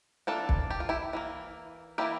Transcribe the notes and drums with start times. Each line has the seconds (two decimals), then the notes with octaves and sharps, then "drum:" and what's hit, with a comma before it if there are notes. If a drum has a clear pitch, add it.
0.27 E3 A#3 D4 F4 A4
0.49 drum: kick
0.70 G4
0.80 F4
0.89 E4 G4
1.13 E3 G3 A#3
1.98 E3 G3 A#3 E4 G4